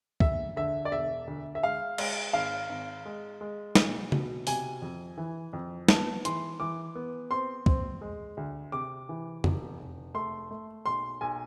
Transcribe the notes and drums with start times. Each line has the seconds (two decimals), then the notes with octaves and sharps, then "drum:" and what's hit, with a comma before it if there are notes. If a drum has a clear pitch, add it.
0.20 D2 E5, drum: kick
0.56 D3 E5
0.85 D5
0.92 E1 E5
1.27 D2
1.55 E5
1.63 G#3 F5
1.98 G#3, drum: cymbal
2.33 G#1 F5
2.69 G#1
3.06 G#3
3.41 G#3
3.75 B1, drum: snare
4.12 B2, drum: tom C#3
4.47 C3 G#5, drum: open hi-hat
4.82 F2
5.18 E3
5.53 F2
5.88 B3 A5, drum: snare
6.25 E3 C6, drum: hi-hat
6.60 E3 D6
6.95 B3
7.31 C4 C6
7.66 C4, drum: kick
8.01 G#3
8.37 D2
8.72 C3 D6
9.09 E3
9.44 F1, drum: tom F2
9.79 F1
10.14 A3 C6
10.51 A3
10.86 B1 C6
11.21 B1 G#5